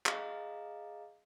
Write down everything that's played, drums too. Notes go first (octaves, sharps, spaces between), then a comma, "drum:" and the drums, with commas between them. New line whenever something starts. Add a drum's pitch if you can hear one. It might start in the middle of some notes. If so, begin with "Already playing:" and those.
G#4 D#5 F5 A#5, drum: clap